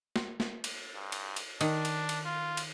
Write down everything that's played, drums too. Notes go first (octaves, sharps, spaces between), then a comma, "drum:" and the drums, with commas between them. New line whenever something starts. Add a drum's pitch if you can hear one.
drum: snare
drum: snare
drum: cymbal
G2
drum: cymbal
drum: cymbal
D#3 D4, drum: cymbal
drum: cymbal
drum: cymbal
F4
drum: cymbal